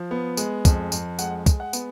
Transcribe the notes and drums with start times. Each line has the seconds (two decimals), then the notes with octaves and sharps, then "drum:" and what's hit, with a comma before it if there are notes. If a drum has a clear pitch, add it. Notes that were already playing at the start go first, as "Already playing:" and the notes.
Already playing: F3
0.11 B3
0.37 G#3, drum: tambourine
0.65 F2, drum: kick, tambourine
0.92 F2, drum: tambourine
1.19 G#3 F#5, drum: tambourine
1.46 G#3, drum: kick, tambourine
1.60 F#5
1.73 B3, drum: tambourine